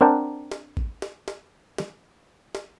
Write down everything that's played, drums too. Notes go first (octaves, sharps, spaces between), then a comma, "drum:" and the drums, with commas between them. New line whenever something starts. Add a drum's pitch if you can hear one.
C4 D4 A#4 F#5 G5 A5
drum: snare
drum: kick A1
drum: snare
drum: snare
drum: snare
drum: snare